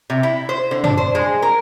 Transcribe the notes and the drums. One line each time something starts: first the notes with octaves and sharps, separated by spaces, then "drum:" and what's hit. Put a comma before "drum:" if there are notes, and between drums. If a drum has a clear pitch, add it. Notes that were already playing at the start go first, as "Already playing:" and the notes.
C3
E4
C5
D3
D4, drum: tom
C5
G#3
A#4